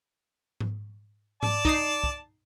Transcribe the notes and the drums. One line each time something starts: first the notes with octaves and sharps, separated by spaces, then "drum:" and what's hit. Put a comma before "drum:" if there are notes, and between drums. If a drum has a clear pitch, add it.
drum: tom G#2
D5 A5, drum: tom G#2
D#4 D#6 C7, drum: kick
drum: kick